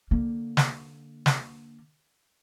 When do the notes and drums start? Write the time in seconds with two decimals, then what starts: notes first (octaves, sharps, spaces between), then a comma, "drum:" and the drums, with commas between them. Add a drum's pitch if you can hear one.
0.11 D3 A#3
0.57 drum: snare
1.26 drum: snare